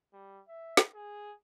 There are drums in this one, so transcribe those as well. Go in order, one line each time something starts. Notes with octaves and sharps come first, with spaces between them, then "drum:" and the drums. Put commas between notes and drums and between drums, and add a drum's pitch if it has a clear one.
G3
E5
drum: snare
G#4